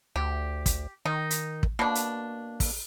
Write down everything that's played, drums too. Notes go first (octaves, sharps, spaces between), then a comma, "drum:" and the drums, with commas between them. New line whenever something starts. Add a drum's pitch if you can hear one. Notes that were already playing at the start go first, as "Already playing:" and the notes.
D2 G4
drum: kick, hi-hat
D#3 D#4
drum: hi-hat
drum: kick
B2 A#3 D4
drum: hi-hat
drum: kick, open hi-hat